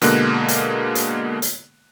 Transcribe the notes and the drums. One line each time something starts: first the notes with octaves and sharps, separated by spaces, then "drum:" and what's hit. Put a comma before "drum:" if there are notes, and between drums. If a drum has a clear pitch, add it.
B2 D3 G#3 A#3 F#6, drum: hi-hat
drum: hi-hat
drum: hi-hat
drum: hi-hat